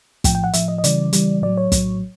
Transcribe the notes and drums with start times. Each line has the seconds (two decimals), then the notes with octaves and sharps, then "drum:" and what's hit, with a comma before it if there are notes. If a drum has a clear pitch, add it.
0.24 A2 F3 G5, drum: kick, hi-hat
0.35 G5
0.44 F#5
0.53 A2 F3 E5, drum: hi-hat
0.68 D#5
0.78 D#5
0.84 C#3 E3 G3 D5, drum: hi-hat
1.13 C#3 E3 G3, drum: hi-hat
1.42 A2 F#3 D5
1.57 C#5
1.72 A2 F#3, drum: kick, hi-hat